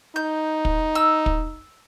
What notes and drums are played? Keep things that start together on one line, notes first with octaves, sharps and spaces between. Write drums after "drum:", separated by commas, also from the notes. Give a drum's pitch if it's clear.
D#4 G6
drum: kick
E6
drum: kick